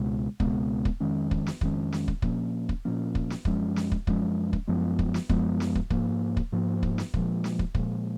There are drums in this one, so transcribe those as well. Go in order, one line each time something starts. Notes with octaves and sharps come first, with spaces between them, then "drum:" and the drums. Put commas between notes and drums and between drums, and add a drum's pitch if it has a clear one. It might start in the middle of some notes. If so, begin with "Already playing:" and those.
Already playing: C#2 B2 G#3 B3
C#2 B2 G#3 B3, drum: kick
drum: kick
F2 D#3 G#3 C#4
drum: kick
drum: snare
F2 D#3 G#3 C#4, drum: kick
drum: snare
drum: kick
A#2 F3 A#3 C#4, drum: kick
drum: kick
A#2 F3 A#3 C#4
drum: kick
drum: snare
F#2 F3 G#3 C#4, drum: kick
drum: snare
drum: kick
F#2 F3 G#3 C#4, drum: kick
drum: kick
F#2 F3 G#3 B3
drum: kick
drum: snare
F#2 F3 G#3 B3, drum: kick
drum: snare
drum: kick
G#2 F3 A#3, drum: kick
drum: kick
G#2 F3 A#3
drum: kick
drum: snare
A#2 F3 G#3, drum: kick
drum: snare
drum: kick
A#2 F3 G#3, drum: kick